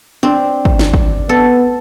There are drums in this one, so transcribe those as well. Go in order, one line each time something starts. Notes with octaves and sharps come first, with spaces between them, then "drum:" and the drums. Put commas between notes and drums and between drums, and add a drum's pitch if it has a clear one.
C4 D4
drum: kick
drum: snare
drum: kick
B3 A4